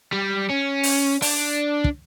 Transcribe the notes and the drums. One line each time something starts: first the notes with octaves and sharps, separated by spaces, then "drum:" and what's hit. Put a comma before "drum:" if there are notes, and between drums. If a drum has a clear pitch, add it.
G3
C#4
drum: open hi-hat
D4, drum: open hi-hat
drum: kick